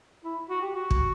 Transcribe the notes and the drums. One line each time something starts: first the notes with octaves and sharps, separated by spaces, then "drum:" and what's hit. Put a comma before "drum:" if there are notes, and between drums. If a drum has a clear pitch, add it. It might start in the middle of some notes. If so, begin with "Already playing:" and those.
E4
F#4
G4
F#4
drum: kick